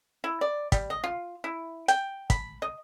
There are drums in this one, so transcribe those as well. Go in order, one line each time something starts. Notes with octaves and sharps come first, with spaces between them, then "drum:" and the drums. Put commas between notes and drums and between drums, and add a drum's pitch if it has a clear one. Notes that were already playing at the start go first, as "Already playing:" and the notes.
E4
D5
G3, drum: kick, hi-hat
D#5
F4
E4
G5, drum: hi-hat
B5, drum: kick, hi-hat
D#5